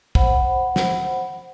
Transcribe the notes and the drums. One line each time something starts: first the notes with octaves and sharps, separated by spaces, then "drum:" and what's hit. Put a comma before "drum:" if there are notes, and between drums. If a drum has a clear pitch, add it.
C5 F#5 B5, drum: kick
drum: snare